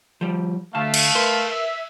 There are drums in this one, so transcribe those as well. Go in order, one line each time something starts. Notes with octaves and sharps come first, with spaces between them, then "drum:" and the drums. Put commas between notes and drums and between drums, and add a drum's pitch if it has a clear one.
F3 G3
D2 A3 F5 A5
drum: cymbal
A#4 B4 C6
E5